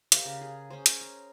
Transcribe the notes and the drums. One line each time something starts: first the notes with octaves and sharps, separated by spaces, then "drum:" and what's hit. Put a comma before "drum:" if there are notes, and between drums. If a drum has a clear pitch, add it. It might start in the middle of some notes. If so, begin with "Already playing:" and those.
G4 A#4 C5 F5, drum: hi-hat
C#3
G#4
C#4 G#4 C5
drum: hi-hat
A#5